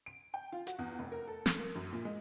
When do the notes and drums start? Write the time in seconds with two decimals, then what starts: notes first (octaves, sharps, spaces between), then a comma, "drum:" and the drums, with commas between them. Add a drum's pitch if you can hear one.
0.06 D7
0.34 G5
0.52 F4
0.67 F#4, drum: hi-hat
0.79 E2
0.99 F1
1.12 A#4
1.28 A4
1.46 drum: snare
1.59 A#3
1.75 F#2
1.92 A#2
2.05 G#3